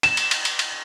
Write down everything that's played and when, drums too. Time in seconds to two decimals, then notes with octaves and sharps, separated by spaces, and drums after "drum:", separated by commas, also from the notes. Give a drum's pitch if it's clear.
0.03 E7, drum: cymbal
0.17 drum: cymbal
0.31 drum: cymbal
0.45 drum: cymbal
0.59 drum: cymbal